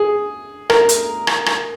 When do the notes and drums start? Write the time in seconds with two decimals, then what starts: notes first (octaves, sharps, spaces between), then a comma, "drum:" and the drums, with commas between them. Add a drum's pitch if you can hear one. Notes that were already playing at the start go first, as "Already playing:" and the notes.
Already playing: G#4
0.70 A#4, drum: rim click
0.89 drum: hi-hat
1.27 drum: rim click
1.46 drum: rim click